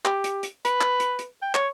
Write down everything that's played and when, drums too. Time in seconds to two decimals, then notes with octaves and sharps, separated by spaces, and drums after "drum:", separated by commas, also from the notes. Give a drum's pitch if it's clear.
0.05 G4, drum: clap
0.24 drum: hi-hat
0.43 drum: hi-hat
0.65 B4, drum: hi-hat
0.81 drum: clap
1.00 drum: hi-hat
1.19 drum: hi-hat
1.42 G5
1.55 C#5, drum: clap